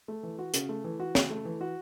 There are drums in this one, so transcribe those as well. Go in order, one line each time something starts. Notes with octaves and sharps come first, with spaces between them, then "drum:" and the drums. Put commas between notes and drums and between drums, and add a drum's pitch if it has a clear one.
A3
E3
F#4
C#3, drum: hi-hat
A3
E3
F#4
C#3, drum: snare
A3
E3
F#4